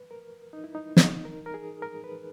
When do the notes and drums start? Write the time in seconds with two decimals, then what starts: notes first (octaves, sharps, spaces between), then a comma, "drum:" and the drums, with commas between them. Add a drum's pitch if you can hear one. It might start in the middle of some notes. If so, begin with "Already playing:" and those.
Already playing: B4
0.11 A#4
0.53 D#4
0.64 E4
0.75 D#4
0.97 D#4, drum: snare
1.25 A#4
1.46 A#4
1.54 G#4
1.82 A#4
2.04 B4